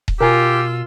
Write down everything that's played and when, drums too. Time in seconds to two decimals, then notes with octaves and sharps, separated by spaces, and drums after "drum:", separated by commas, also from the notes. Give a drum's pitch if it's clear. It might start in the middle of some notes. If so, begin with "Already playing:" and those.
0.08 drum: kick D#1
0.21 B2 F4 G4 A#4 G#5 E6